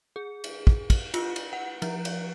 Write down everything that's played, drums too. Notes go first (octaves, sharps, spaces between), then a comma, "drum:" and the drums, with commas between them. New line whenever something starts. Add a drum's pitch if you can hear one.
G#4
drum: cymbal
drum: kick
drum: kick, cymbal
F4, drum: cymbal
drum: cymbal
F#5
F3, drum: cymbal
drum: cymbal